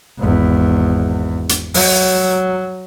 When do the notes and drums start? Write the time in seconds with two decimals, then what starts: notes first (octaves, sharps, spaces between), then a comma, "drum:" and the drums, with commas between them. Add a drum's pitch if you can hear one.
0.19 G#1 E2
1.49 drum: hi-hat
1.74 F#3, drum: open hi-hat